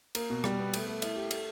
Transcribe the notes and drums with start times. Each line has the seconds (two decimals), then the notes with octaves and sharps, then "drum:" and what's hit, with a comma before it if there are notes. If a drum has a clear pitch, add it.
0.15 A#3, drum: cymbal
0.30 B2
0.44 G3, drum: rim click
0.59 B3
0.74 A3, drum: cymbal
0.87 A3
1.02 E4, drum: cymbal
1.16 G4
1.31 A3, drum: cymbal